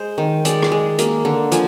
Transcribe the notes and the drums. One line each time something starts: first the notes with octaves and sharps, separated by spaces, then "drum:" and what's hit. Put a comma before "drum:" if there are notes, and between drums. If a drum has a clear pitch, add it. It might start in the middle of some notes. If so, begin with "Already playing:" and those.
Already playing: G#3 C5
D#3
G#3 D5, drum: hi-hat
drum: rim click
G#3
A#3, drum: hi-hat
D3
F3 G#5, drum: hi-hat